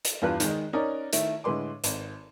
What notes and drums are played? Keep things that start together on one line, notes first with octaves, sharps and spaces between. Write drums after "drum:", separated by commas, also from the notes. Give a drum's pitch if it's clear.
drum: hi-hat
E2 G2 F4 B4 F#6
D#3 G#3, drum: hi-hat
C#4 D#4 A#4 D5
D#3 A3 E4, drum: hi-hat
A2 D3 G#3 B4 C6 D6
G#1, drum: hi-hat